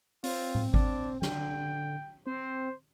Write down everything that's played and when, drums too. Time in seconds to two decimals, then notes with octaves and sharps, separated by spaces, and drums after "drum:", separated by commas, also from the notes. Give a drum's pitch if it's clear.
0.24 C4 F4, drum: open hi-hat
0.55 drum: tom A2
0.74 D4, drum: kick G#1
1.22 D3 G5, drum: snare
2.27 C4 C5